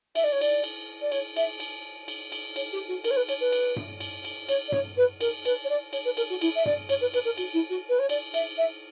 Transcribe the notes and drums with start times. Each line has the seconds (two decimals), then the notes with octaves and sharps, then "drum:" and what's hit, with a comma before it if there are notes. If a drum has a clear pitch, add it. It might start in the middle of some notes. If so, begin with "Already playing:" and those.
0.15 E5, drum: cymbal
0.24 D5
0.32 C#5
0.41 D5, drum: cymbal
0.64 drum: cymbal
1.01 D5
1.12 C#5, drum: cymbal
1.36 E5, drum: cymbal
1.60 drum: cymbal
2.08 drum: cymbal
2.32 drum: cymbal
2.56 C#5, drum: cymbal
2.72 G4
2.88 F#4
3.04 A#4, drum: cymbal
3.11 C#5
3.16 B4
3.29 C#5, drum: cymbal
3.40 B4
3.52 drum: cymbal
3.76 drum: tom G2
4.00 drum: cymbal
4.24 drum: cymbal
4.49 C#5, drum: cymbal
4.68 D5
4.72 C#5, drum: tom G2
4.97 B4
5.21 A#4, drum: cymbal
5.45 B4, drum: cymbal
5.64 C#5
5.69 D5
5.93 C#5, drum: cymbal
6.05 B4
6.17 A#4, drum: cymbal
6.30 F#4
6.41 E4, drum: cymbal
6.55 E5
6.66 D5, drum: tom G2
6.89 C#5, drum: cymbal
7.01 B4
7.14 B4, drum: cymbal
7.25 A#4
7.37 F#4, drum: cymbal
7.53 E4
7.70 F#4
7.89 B4
7.99 C#5
8.09 D5, drum: cymbal
8.34 E5, drum: cymbal
8.58 E5